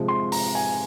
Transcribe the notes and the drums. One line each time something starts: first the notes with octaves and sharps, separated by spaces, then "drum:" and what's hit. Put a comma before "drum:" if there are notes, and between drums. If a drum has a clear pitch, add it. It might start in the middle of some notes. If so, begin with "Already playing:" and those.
Already playing: C3 F3 G#3
C6
A#5, drum: open hi-hat
G#5